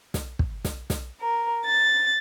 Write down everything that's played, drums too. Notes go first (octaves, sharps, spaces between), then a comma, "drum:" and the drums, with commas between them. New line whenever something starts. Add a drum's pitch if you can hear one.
drum: snare
drum: kick
drum: snare
drum: snare
A#4
A6